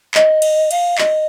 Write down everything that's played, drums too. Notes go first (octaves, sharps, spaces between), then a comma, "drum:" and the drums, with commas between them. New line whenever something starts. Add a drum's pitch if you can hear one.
D#5, drum: clap
drum: cymbal
F5, drum: cymbal
D#5, drum: clap